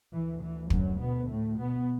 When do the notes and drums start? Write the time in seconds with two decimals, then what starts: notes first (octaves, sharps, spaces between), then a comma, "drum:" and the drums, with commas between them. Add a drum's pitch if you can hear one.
0.12 D2 E3
0.42 E3
0.70 F#2 F#3, drum: kick
1.00 B2 B3
1.29 A2 A3
1.58 B2 B3